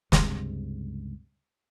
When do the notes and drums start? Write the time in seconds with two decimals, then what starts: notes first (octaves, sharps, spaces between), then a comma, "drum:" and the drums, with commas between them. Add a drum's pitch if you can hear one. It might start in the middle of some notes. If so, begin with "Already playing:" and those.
0.12 C#2 G2 C3 G#3, drum: snare